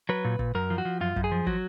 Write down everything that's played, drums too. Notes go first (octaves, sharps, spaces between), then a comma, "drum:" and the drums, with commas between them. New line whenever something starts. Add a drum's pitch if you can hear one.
F#3 B4
A#2
A#2, drum: kick
F#2 A#4
F3
F#4
F3
F#2 F4
F#2, drum: kick
G#4
F3
F#3 F#4, drum: kick